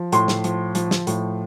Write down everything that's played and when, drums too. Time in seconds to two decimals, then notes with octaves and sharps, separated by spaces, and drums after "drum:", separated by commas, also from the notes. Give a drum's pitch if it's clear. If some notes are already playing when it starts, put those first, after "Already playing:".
Already playing: F3
0.12 A2 C6, drum: hi-hat
0.28 drum: snare
0.44 F3, drum: hi-hat
0.75 F3, drum: hi-hat
0.91 drum: snare
1.07 A2, drum: hi-hat